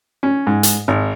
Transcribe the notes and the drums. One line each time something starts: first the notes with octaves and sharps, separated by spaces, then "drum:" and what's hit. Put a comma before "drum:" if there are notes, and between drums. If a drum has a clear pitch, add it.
C#4
G#2
drum: hi-hat
G#1